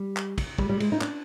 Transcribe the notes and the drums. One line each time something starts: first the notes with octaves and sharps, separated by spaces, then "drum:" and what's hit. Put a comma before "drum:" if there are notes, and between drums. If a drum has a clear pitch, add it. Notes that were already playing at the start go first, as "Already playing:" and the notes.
Already playing: G3
drum: clap
drum: kick, cymbal
G3, drum: kick
G3
G#3, drum: cymbal
D#4
D4, drum: clap